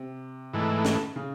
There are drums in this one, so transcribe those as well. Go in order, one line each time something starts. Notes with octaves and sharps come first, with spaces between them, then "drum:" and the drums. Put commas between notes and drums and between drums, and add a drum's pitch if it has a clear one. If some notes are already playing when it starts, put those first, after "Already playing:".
Already playing: C3
G#2 E3 A3
drum: snare
C#3